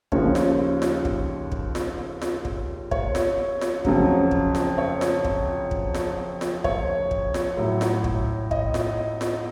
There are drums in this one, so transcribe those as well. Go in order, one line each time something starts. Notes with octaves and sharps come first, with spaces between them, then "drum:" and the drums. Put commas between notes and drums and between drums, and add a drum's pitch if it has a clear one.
D#2 C#3 F3 C#5, drum: kick
drum: snare F4
drum: snare F4
drum: kick
drum: kick
drum: snare F4
drum: snare F4
drum: kick
C#5, drum: kick
drum: snare F4
drum: snare F4
F2 C#3 F#3, drum: kick
drum: kick
drum: snare F4
C#5
drum: snare F4
drum: kick
drum: kick
drum: snare F4
drum: snare F4
C#5, drum: kick
drum: kick
drum: snare F4
A2 F#3
drum: snare F4
drum: kick
D#5, drum: kick
drum: snare F4
drum: snare F4